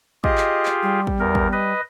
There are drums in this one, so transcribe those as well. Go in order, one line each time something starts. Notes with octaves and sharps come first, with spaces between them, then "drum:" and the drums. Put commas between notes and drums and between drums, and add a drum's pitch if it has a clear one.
F4 G4 G#4 D#5, drum: kick
drum: clap
drum: clap
G3
drum: kick
E2 A#4
drum: kick
B4 D#5